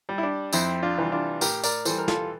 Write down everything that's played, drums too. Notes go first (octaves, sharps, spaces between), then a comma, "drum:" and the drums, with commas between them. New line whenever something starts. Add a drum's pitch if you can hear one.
G3
E4
D4
F2 C4 E4, drum: tambourine
D4 F4
C3 E3 G3
D4 F4
A2 G4 A#4, drum: tambourine
A#4 D5, drum: tambourine
E3 G3 A4 C5, drum: tambourine
A#4
F4 A4, drum: snare